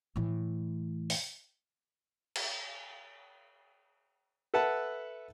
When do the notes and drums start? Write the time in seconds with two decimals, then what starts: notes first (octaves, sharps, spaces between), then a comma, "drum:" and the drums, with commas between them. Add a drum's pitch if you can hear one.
0.16 A2 E3
1.10 drum: open hi-hat
2.36 drum: cymbal
4.54 A4 B4 E5 F#5 A5